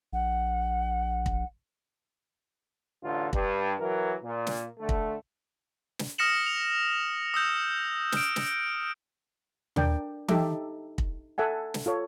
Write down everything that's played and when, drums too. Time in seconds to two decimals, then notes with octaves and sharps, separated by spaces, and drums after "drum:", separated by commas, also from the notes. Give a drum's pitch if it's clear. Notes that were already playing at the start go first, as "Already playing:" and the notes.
0.13 A#1 F#5
1.26 drum: kick
3.04 A1 D3 F4
3.33 G2, drum: kick
3.79 E3 F#3 A#4
4.24 A#2
4.47 drum: snare
4.79 D3 A3
4.89 drum: kick
5.99 drum: snare
6.18 D#6 F6 A#6 C#7 E7 F#7
6.46 F7
7.34 D#6 E6 G6
8.12 F6 D7, drum: snare
8.36 drum: snare
9.76 D4 A#4 D5 G5, drum: tom D#2
10.28 D#4 G4 A4 E5 D6, drum: tom E3
10.98 drum: kick
11.38 A4 E5 F#5 G#5
11.74 drum: snare
11.86 F4 A4 C#5